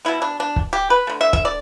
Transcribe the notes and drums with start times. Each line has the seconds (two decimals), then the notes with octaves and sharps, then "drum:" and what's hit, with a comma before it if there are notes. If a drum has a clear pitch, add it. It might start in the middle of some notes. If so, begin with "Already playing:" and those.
0.05 B2 B3 E4
0.22 D4
0.40 D4
0.56 drum: kick
0.73 G4
0.90 B4
1.07 D3 A3
1.21 E5
1.33 E5, drum: kick
1.45 D5